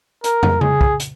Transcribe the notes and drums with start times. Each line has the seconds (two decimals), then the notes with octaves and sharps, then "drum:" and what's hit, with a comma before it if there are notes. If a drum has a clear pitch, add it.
0.24 A#4, drum: hi-hat
0.43 drum: tom
0.61 G#4, drum: tom C#3
0.81 drum: kick
1.00 drum: hi-hat